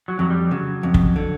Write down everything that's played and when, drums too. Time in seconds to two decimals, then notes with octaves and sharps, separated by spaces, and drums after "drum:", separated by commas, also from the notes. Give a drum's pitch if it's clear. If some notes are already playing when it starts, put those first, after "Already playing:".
0.08 F#3
0.19 F2 F#3
0.30 G3
0.51 C#3 F#3
0.83 F2
0.94 drum: kick
1.16 D3